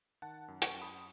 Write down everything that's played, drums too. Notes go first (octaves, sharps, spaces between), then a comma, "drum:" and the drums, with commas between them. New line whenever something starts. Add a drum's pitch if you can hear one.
D#3 F#5 A5
F#2
A5 C#6, drum: hi-hat
F#2
B5 D#6